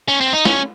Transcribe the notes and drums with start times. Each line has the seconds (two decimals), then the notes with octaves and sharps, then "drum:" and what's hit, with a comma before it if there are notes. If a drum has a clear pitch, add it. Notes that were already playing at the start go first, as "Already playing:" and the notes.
0.08 C#4
0.21 C4
0.33 D#4
0.45 C#4, drum: snare